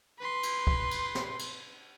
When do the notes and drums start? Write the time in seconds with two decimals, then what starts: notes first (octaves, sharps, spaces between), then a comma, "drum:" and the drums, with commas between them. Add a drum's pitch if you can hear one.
0.19 B4 C6
0.43 drum: cymbal
0.67 drum: kick
0.91 drum: cymbal
1.15 drum: snare
1.39 drum: cymbal